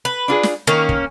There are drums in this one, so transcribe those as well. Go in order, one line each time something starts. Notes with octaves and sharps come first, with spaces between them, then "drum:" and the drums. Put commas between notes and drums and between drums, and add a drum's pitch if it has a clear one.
B4
D4 F4 G#4
drum: snare
D#3 A#3 C#4
drum: kick